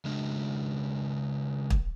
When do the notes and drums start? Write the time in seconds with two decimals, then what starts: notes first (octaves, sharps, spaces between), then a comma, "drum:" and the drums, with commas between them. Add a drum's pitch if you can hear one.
0.05 C#3 G#3 D4
1.70 drum: kick